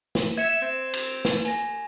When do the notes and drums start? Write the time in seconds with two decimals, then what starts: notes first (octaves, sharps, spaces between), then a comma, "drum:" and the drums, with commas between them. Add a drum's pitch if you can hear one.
0.15 drum: snare
0.37 E5 G#6 C#7 E7
0.62 C4
0.94 F7, drum: cymbal
1.25 drum: snare
1.45 G#5 A#6, drum: hi-hat